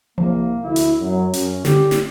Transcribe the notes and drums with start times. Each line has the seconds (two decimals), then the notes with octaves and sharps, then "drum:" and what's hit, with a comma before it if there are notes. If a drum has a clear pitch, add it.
0.18 C2 F3 A#3
0.64 D2 E4
0.76 drum: hi-hat
1.01 F#2 F#3
1.34 F#2 C#4, drum: hi-hat
1.65 D3 G3 G4, drum: snare
1.91 drum: snare